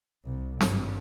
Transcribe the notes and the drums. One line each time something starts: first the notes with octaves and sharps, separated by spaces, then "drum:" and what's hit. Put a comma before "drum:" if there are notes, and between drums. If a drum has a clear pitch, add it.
C2
G#1 G2, drum: snare